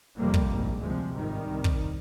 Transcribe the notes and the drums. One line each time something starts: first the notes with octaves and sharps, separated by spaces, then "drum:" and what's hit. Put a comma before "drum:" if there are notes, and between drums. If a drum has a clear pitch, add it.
F1 F2 C3 G3 A#3
drum: kick
A#1 G#2
D2 C3 F3 G#3
G#1 G2 D#3 G3
C2 C3
drum: kick